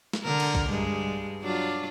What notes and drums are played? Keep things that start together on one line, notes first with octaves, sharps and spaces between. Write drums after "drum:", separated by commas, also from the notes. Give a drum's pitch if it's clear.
drum: snare
D3 A#4
drum: cymbal
drum: kick A#1
G2 G#3
F#3 D4 F4